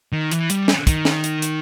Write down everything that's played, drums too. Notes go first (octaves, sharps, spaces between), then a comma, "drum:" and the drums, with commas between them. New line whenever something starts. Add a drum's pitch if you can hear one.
D#3
E3, drum: hi-hat
G3, drum: hi-hat
drum: snare
D#3, drum: kick, hi-hat
drum: snare
drum: hi-hat
drum: hi-hat